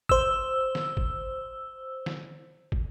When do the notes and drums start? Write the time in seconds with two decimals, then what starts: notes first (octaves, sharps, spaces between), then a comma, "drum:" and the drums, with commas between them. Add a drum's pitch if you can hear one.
0.09 C5 E6, drum: kick
0.75 drum: snare
0.97 drum: kick
2.06 drum: snare
2.72 drum: kick